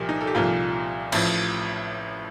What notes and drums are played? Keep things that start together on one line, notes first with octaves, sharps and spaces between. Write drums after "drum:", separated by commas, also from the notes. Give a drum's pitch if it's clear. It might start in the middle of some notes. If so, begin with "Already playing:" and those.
Already playing: C2 A#2 F3 G4 A#4
D#4
A4
G4
C2 A#2 F3 F4
A1 A2 F3, drum: cymbal